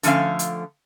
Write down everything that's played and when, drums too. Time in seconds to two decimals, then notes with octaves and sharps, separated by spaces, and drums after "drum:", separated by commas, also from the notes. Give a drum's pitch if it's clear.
0.03 D3 F3 A3 C#4 F5, drum: hi-hat
0.39 drum: hi-hat